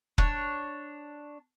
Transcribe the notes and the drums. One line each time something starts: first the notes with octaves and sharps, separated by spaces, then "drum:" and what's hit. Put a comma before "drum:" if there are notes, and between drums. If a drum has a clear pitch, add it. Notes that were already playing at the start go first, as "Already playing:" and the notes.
D4 C#5, drum: kick